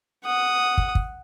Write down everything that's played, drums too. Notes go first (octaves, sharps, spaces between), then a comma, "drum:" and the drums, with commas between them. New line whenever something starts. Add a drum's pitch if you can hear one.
F#5 D#6
drum: kick
drum: kick